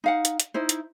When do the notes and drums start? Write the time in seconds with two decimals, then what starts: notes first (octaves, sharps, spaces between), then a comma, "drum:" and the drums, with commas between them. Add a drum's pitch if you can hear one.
0.04 D#4 F5 F#5
0.25 drum: hi-hat
0.40 drum: hi-hat
0.54 D#4 E4 C5
0.69 drum: hi-hat